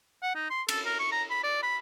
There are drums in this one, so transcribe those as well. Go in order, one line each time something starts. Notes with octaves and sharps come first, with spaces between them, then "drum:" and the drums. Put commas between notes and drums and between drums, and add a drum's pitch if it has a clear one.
F#5
D#4
C6
A4, drum: cymbal
A#4
C#6
A#5
B5
D5
B5